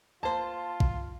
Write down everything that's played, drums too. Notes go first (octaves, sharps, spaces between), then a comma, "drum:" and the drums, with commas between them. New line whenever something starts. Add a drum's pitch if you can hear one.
A#3 F4 C5 A5
drum: kick